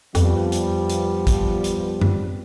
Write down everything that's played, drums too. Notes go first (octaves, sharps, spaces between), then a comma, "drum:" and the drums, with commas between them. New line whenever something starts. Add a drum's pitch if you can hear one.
F2 F3 G3 B3, drum: hi-hat
drum: hi-hat
drum: hi-hat
drum: kick, hi-hat
drum: hi-hat
drum: tom F#2